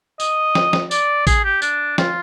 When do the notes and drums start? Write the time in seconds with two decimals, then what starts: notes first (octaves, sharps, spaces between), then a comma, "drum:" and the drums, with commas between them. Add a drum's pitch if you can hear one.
0.20 D#5, drum: tambourine
0.55 drum: snare
0.73 drum: snare
0.91 D5, drum: tambourine
1.27 G#4, drum: kick A1, tambourine
1.44 G4
1.62 D4, drum: tambourine
1.98 F4, drum: snare